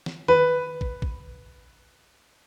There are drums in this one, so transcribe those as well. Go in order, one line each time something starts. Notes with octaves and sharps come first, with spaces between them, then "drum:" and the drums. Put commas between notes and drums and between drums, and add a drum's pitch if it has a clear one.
drum: snare
B4, drum: tom D#3
drum: kick
drum: kick